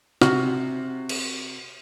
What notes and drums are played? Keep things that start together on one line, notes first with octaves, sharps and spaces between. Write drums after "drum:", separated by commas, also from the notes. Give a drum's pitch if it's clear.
C3 F#4 F6, drum: snare
drum: cymbal